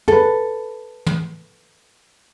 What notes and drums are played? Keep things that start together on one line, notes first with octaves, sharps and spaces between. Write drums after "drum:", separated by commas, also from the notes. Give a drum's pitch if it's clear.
A4 B4, drum: tom
drum: tom